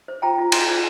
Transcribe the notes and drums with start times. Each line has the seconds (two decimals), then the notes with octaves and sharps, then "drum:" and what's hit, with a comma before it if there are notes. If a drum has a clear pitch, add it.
0.08 C5
0.22 F4 G5 A#5
0.38 F4
0.52 C5 G#5 C6, drum: cymbal
0.68 F4